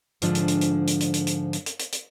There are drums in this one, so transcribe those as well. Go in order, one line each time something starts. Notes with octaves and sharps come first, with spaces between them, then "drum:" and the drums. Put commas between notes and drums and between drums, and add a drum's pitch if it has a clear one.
G#2 D3 F3 D4, drum: hi-hat
drum: hi-hat
drum: hi-hat
drum: hi-hat
drum: hi-hat
drum: hi-hat
drum: hi-hat
drum: hi-hat
drum: hi-hat
drum: hi-hat
drum: hi-hat
drum: hi-hat